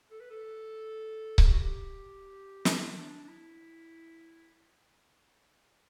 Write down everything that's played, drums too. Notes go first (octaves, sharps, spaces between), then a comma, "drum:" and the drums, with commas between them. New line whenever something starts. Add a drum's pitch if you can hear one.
A4
B4
A4
A4, drum: kick C#1
G4
F#4
G4
E4, drum: snare
D4
D4
E4